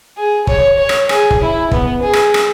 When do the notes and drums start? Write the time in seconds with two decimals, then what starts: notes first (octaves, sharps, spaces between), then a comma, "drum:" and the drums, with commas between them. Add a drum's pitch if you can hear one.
0.17 G#4
0.47 C#5, drum: kick
0.78 C#5
0.89 drum: rim click
1.09 G#4, drum: rim click
1.31 drum: kick
1.41 E4
1.71 B3, drum: kick
2.03 G#4
2.13 drum: rim click
2.34 drum: rim click